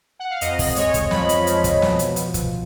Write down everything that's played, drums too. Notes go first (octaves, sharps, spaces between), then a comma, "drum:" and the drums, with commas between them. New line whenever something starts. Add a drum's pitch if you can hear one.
F#5
F5
F2 D#5, drum: hi-hat
drum: kick, open hi-hat
G#3 C#5, drum: hi-hat
drum: kick, hi-hat
F3 B5, drum: snare
drum: hi-hat
F3, drum: hi-hat
drum: kick, hi-hat
B2, drum: snare
drum: hi-hat
B2, drum: hi-hat
drum: kick, hi-hat